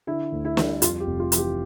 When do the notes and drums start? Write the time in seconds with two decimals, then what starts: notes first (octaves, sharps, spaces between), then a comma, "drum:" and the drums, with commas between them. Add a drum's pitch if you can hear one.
0.07 D3 E4
0.32 D2
0.45 E4
0.57 G3, drum: snare
0.82 F2 F4, drum: hi-hat
1.00 G4
1.07 F1
1.20 F4
1.32 E3, drum: hi-hat
1.38 G4